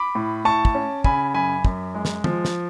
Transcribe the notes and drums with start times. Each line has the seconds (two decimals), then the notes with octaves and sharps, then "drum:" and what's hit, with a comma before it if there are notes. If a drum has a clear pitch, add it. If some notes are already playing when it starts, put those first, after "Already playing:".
Already playing: B5 D6
0.15 A2
0.45 A2 A5 C#6
0.65 drum: kick
0.75 C#4
1.04 C#3 G#5 B5, drum: kick
1.34 F#2 G#5 B5
1.65 F#2, drum: kick
1.94 G#3
2.05 drum: snare
2.24 F3, drum: tom
2.45 drum: snare